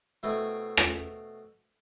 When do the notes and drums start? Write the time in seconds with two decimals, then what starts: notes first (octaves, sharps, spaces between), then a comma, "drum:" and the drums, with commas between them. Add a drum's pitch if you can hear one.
0.23 B2 A3 C4 E4
0.77 drum: rim click